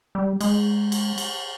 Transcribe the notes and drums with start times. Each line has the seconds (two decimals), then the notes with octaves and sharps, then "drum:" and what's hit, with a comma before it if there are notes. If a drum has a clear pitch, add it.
0.15 G3
0.41 G#3, drum: cymbal
0.92 drum: cymbal
1.18 drum: cymbal